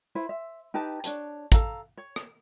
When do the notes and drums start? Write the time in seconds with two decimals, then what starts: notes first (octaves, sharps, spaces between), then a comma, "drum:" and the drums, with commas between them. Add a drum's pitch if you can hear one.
0.15 E4 B4 C5
0.29 E5
0.74 D#4 G4 B4 A5
1.04 D4 C#5 A5, drum: hi-hat
1.52 A4 F5 A#5, drum: kick, hi-hat
1.97 C#5
2.16 drum: rim click